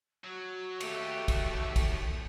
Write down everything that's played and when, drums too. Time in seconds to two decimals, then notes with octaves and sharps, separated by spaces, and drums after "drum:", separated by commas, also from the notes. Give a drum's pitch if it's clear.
0.24 F#3 F#4
0.80 D#2 A3 G4, drum: cymbal
1.28 drum: kick, cymbal
1.76 drum: kick, cymbal